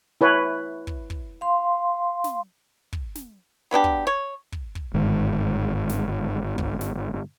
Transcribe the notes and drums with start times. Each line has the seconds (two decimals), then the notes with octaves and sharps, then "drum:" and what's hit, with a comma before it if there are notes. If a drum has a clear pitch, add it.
0.21 E4 B4 C#5
0.87 drum: kick
1.10 drum: kick
1.41 F5 C6
2.24 drum: snare
2.93 drum: kick
3.15 drum: snare
3.71 F#3 B3 D4 G4
3.84 drum: kick
4.07 C#5
4.52 drum: kick
4.75 drum: kick
4.94 G1 G#2 D#3
5.89 drum: snare
6.58 drum: kick
6.81 drum: snare